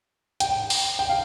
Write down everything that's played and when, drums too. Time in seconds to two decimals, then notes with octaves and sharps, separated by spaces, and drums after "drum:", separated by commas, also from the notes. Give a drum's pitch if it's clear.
0.40 G5, drum: hi-hat
0.70 drum: open hi-hat
0.99 G5
1.09 F5